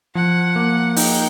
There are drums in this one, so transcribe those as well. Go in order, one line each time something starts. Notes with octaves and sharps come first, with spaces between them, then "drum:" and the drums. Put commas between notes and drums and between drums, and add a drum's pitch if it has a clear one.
F3 F#5
A#3
D#4 G5, drum: open hi-hat